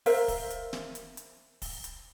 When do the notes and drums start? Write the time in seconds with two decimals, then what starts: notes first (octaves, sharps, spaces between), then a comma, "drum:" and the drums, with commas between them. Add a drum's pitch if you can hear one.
0.06 A#4 C5 E5 F5, drum: open hi-hat
0.28 drum: kick, open hi-hat
0.50 drum: hi-hat
0.73 drum: snare
0.95 drum: hi-hat
1.17 drum: hi-hat
1.62 drum: kick, open hi-hat
1.84 drum: hi-hat